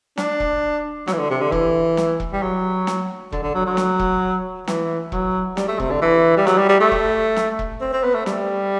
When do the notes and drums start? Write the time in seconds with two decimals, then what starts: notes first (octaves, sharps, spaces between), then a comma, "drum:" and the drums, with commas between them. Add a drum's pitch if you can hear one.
0.17 D4, drum: snare
0.40 drum: kick E1
1.08 F#3, drum: snare
1.13 E3
1.19 D3
1.30 C3
1.41 D3
1.52 E3, drum: kick E1
1.97 drum: snare
2.20 drum: kick E1
2.33 G3
2.43 F#3
2.87 drum: snare
3.32 D3, drum: kick E1
3.43 D3
3.55 F#3
3.66 F#3
3.77 drum: snare
3.99 drum: kick E1
4.67 E3, drum: snare
5.12 F#3, drum: kick E1
5.57 G3, drum: snare
5.68 A3
5.80 C3, drum: kick E1
5.91 D3
6.02 E3
6.37 G3
6.47 F#3, drum: snare
6.58 G3
6.69 G3
6.80 A3
6.92 drum: kick E1
7.36 drum: snare
7.59 drum: kick E1
7.81 C4
7.93 C4
8.04 B3
8.15 A3
8.26 G3, drum: snare